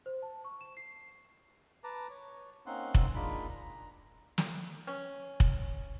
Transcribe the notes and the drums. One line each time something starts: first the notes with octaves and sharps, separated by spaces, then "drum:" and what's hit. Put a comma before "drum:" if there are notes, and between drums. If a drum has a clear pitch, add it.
C5
A5
C#6
E7
C7
B4 A5 A#5 D6
C#5
A#3 C4 C#4 D#4 F#5 C6
drum: kick
G#3 A#3 D4 D#4 F4 B5
A#5
drum: snare
C#4
drum: kick